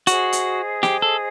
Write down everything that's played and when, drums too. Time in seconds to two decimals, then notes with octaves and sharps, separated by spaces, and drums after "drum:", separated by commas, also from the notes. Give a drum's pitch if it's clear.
0.07 F#4 G#4 C5 D#5, drum: hi-hat
0.33 drum: hi-hat
0.83 G4, drum: snare
1.02 A4